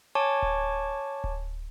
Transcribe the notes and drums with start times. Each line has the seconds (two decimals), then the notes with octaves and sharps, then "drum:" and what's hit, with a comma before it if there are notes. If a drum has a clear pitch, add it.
0.15 C#5 G#5 A5 C#6 D6
0.42 drum: kick D1
1.24 drum: kick D1